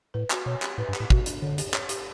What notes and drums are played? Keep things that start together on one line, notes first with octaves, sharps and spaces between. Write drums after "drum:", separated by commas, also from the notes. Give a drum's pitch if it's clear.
A2 B4
F#4, drum: clap
B2 C#5
G4, drum: clap
A2 B4
G2
G4, drum: clap
A2
B2 F#4, drum: kick
D4, drum: hi-hat
D3 C#5
G4, drum: hi-hat
C#5, drum: clap
G4, drum: hi-hat